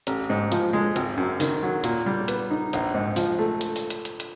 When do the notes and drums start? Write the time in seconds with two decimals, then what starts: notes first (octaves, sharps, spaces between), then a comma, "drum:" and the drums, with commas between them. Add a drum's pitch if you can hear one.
0.07 A1, drum: hi-hat
0.30 G#2
0.52 F3, drum: hi-hat
0.73 G#3
0.96 G#1, drum: hi-hat
1.17 F#2
1.40 D#3, drum: open hi-hat
1.63 F#3
1.84 A#2, drum: hi-hat
2.06 G3
2.28 B3, drum: hi-hat
2.50 D#4
2.73 A#1, drum: hi-hat
2.94 G#2
3.16 F3, drum: open hi-hat
3.39 A3
3.61 drum: hi-hat
3.76 drum: open hi-hat
3.90 drum: hi-hat
4.05 drum: hi-hat
4.20 drum: hi-hat